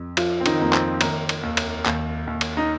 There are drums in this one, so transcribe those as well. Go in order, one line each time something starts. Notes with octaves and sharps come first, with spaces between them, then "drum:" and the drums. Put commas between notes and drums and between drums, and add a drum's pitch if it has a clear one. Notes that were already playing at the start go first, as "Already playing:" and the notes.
Already playing: F2
F3 F4, drum: cymbal
C4
D#3 D#4, drum: cymbal
F2 A#3
C4, drum: clap
D#3 A#3, drum: cymbal
drum: cymbal
D#2
drum: cymbal
D#2, drum: clap
D#2
drum: cymbal
D#4